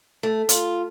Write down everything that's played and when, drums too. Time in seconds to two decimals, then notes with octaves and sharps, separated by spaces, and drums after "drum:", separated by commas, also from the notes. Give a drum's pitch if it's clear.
0.23 A3
0.49 F4, drum: hi-hat